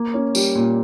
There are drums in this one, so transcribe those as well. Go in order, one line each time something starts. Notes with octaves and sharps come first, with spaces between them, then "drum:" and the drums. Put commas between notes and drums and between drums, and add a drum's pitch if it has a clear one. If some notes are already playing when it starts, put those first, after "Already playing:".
Already playing: A#3
C#4
G3, drum: tambourine
A#2